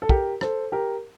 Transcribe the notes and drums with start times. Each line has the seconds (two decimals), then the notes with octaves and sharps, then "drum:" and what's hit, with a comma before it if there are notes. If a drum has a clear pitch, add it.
0.02 A4
0.09 G4 A#4, drum: kick
0.41 A4 C5, drum: rim click
0.72 G4 A#4